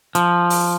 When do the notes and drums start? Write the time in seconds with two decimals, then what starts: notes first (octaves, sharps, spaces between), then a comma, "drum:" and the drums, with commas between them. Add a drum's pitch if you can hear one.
0.15 F3, drum: hi-hat
0.50 drum: open hi-hat